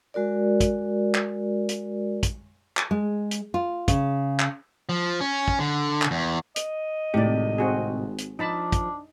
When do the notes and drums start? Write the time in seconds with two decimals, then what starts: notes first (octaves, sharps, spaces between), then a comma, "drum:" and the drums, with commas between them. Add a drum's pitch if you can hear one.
0.14 G#3 F#4 A#4 D5
0.60 drum: kick, hi-hat
1.15 drum: clap
1.69 drum: hi-hat
2.23 drum: kick, hi-hat
2.77 drum: clap
2.91 G#3
3.31 drum: hi-hat
3.54 F4
3.88 C#3, drum: kick, hi-hat
4.39 drum: clap
4.89 F3
5.21 C#4
5.48 drum: kick
5.60 D3
6.02 drum: clap
6.11 E2
6.56 D#5, drum: hi-hat
7.14 G#1 A2 C3 G4 D5
7.58 C4 F#4 G#4
8.18 drum: hi-hat
8.39 F3 D4 D#4 A5 B5
8.72 drum: kick, hi-hat